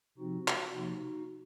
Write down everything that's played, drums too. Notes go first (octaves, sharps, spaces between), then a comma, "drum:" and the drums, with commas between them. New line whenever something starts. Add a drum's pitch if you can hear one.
C3 F3 C4 D#4 F#4
drum: clap
C3 F3 A#3 D#4 F#4